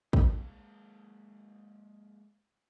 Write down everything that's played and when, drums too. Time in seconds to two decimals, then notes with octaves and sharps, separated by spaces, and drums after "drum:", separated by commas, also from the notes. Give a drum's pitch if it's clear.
0.13 G#3 A#3 F5 A5, drum: kick